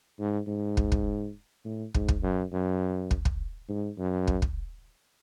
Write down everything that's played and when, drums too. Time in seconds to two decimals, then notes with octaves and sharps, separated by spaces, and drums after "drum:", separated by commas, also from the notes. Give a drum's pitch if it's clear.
0.19 G#2
0.47 G#2
0.77 drum: kick
0.92 drum: kick
1.65 A2
1.94 G#2, drum: kick
2.08 drum: kick
2.23 F#2
2.52 F#2
3.11 drum: kick
3.25 drum: kick
3.69 G#2
3.98 F#2
4.27 drum: kick
4.42 drum: kick